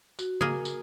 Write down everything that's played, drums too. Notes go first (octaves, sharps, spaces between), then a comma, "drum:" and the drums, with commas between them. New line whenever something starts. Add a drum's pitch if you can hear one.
F#4, drum: tambourine
A#3 G#4, drum: tom C#3
drum: tambourine